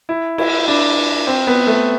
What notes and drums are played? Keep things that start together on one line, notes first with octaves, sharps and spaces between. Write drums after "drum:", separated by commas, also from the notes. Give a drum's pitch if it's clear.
E4
E4, drum: cymbal
D4
C4
B3
A3